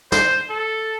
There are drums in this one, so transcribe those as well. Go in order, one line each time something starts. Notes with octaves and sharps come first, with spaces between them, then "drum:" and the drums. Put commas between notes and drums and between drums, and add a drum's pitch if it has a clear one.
C5, drum: snare
A4